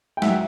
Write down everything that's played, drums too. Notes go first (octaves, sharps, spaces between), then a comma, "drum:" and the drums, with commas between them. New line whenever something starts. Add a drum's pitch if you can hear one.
G5
F#3 E5 F#5, drum: snare